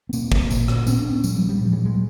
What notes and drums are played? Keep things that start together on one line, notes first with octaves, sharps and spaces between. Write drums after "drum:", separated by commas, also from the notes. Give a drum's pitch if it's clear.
B3
B2 A#3 C4, drum: tambourine
drum: kick
A#2, drum: tambourine
drum: rim click
A#2 B3 C#4, drum: tambourine
C4 D4
B3 C#4
A#2 F#3 G#3, drum: tambourine
F3 G3
F3 G3
A#2 G3
F#3 G#3
F#3 G#3